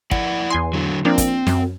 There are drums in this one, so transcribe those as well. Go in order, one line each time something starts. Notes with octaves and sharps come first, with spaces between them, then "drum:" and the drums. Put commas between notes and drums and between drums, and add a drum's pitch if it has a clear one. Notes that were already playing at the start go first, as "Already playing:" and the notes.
E4 D5 F#5, drum: kick
E2 G#5 C6
D3 F#3
F3 A#3 C4 D4
drum: kick, hi-hat
F#2, drum: snare